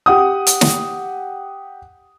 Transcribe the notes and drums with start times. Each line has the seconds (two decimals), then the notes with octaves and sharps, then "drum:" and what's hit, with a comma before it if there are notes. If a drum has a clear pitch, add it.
0.06 G4 F#5 D#6
0.47 drum: hi-hat
0.61 drum: snare